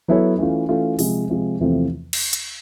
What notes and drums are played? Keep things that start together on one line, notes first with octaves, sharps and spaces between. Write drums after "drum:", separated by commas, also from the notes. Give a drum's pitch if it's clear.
F#3 B3 E4 A4 C#5
E3 A3 C#4 F4
E3 A3 C#4 F4
C3 F3 G#3, drum: open hi-hat
C3 F3 G#3
E2 C3 F3 A3 C4
drum: cymbal
drum: hi-hat